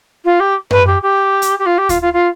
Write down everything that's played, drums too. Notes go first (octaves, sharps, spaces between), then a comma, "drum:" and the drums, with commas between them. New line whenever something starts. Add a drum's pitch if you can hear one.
F4
G4
B4, drum: tom F#2
G4
G4
drum: hi-hat
G4
F4
G4
F4, drum: kick D2, hi-hat
F4
F4